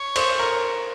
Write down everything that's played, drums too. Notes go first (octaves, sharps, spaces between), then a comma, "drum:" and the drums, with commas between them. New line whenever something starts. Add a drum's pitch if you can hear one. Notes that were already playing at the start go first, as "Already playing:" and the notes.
Already playing: C#5
C5, drum: cymbal
A#4